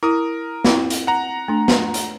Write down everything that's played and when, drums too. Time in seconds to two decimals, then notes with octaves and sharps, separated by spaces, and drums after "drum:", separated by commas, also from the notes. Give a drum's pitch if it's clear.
0.03 E4 A#4 D#6
0.64 C4 E4 G5, drum: snare
0.90 drum: hi-hat
1.07 F#5 A#5
1.48 A3 D4
1.68 drum: snare
1.94 drum: hi-hat